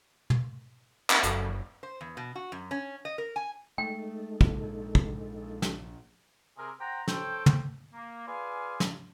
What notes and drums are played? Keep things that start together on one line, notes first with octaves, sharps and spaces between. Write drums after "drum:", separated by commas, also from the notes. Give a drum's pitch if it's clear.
drum: tom
drum: clap
F#1 F#3 C#4 A4, drum: hi-hat
C5
E2
B2
F#4
F#2
C#4
D#5
A#4
G#5
G#3 A3 D#4 A4 G5
A#1, drum: kick
drum: kick
drum: snare
C3 G#4 A#4
C5 F#5 G5 A#5
A4 C5 C#5 G5, drum: snare
drum: tom
A#3
F4 G#4 B4 D5 F5 G#5
drum: snare